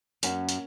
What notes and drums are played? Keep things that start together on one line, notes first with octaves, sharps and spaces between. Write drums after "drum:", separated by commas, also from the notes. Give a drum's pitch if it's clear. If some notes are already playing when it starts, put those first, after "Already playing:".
F#2 A#3 C#4, drum: hi-hat
drum: hi-hat